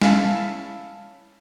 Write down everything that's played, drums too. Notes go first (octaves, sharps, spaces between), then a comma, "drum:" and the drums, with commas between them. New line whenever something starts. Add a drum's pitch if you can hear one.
C#4 E4 E5 F5 A5, drum: snare